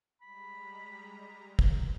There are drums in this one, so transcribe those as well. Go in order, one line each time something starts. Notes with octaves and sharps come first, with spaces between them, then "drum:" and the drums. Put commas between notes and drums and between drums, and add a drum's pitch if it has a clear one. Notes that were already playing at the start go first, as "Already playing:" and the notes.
G3 G#3 A#5 B5
drum: kick